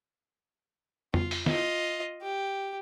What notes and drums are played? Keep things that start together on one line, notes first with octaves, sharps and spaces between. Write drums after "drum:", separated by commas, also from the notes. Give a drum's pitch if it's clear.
F4, drum: tom F2
drum: open hi-hat
F4 D#5, drum: snare
G4